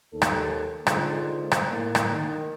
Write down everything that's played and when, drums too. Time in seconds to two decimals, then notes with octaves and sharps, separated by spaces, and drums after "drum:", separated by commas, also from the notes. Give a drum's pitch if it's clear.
0.12 D#2 A4
0.22 drum: rim click
0.87 D3 G#3 A#3 D#4 F4 C5, drum: rim click
1.51 drum: rim click
1.69 A2 A#3
1.95 drum: rim click
2.11 D#3